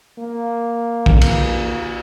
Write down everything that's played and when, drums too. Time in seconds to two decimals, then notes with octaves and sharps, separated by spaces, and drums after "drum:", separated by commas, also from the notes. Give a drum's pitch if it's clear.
0.18 A#3
1.06 drum: kick
1.21 drum: cymbal